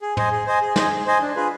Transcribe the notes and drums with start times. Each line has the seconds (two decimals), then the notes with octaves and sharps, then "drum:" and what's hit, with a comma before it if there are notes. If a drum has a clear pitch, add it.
0.02 G#4
0.17 C5 D#5 G#5, drum: tom
0.31 G#4
0.46 C5 D#5 G#5
0.61 G#4
0.76 C5 D#5 G#5, drum: snare
0.91 G#4
1.06 C5 D#5 G#5
1.21 D4
1.36 F4 G#4 B4